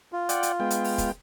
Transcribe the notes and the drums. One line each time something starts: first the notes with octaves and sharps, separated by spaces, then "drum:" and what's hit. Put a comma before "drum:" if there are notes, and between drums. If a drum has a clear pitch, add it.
F4
D5 F#5 G5, drum: hi-hat
drum: hi-hat
G#3 B3 G5
drum: hi-hat
drum: open hi-hat
drum: kick, hi-hat